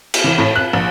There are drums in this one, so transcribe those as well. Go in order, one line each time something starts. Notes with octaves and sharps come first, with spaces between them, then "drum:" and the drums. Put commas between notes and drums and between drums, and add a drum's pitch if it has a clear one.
drum: cymbal
E3
A2
F#6
A#1